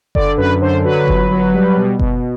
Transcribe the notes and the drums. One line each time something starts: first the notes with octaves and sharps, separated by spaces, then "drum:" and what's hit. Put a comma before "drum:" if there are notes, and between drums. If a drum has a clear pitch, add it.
D3 D5, drum: kick F#1
F#2 B4
D3 C5
F#3 B4
G1, drum: kick F#1
F#3
G3
B2
B2, drum: kick F#1